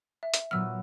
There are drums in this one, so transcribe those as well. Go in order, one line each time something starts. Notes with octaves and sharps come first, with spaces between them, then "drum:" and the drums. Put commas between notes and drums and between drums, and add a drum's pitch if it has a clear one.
E5
drum: hi-hat
A#2 F#3 B3 E6 F6